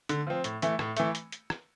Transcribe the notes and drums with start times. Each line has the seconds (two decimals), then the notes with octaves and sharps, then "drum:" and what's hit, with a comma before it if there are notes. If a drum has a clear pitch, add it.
0.09 D3, drum: hi-hat
0.27 F3 C4
0.44 A2, drum: hi-hat
0.62 E3 A3, drum: hi-hat
0.79 A2, drum: rim click
0.97 E3 A3, drum: hi-hat
1.15 drum: hi-hat
1.32 drum: hi-hat
1.50 drum: rim click